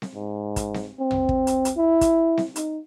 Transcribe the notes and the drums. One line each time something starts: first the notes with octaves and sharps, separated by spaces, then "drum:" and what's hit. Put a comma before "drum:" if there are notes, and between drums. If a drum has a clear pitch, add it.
drum: snare C4
G#2
drum: kick, hi-hat
drum: snare C4
C4
drum: tom
drum: kick
drum: hi-hat
drum: hi-hat
E4
drum: kick, hi-hat
drum: snare C4
D#4, drum: hi-hat